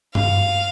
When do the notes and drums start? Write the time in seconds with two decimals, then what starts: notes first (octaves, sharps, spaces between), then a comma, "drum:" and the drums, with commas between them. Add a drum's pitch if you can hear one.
0.15 F5, drum: tom G2